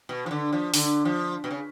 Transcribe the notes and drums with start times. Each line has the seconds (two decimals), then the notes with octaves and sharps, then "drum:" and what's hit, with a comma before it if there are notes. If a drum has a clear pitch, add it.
0.09 B2
0.26 F3
0.31 D3
0.53 F3
0.74 D3, drum: open hi-hat
1.05 F3
1.44 B2
1.51 C#3